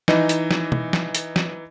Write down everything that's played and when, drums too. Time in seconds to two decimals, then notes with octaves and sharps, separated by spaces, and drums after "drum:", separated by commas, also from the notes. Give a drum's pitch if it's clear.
0.08 E3 D#4 D#5, drum: snare
0.29 drum: hi-hat
0.51 drum: snare
0.72 drum: tom
0.93 drum: snare
1.15 drum: hi-hat
1.36 drum: snare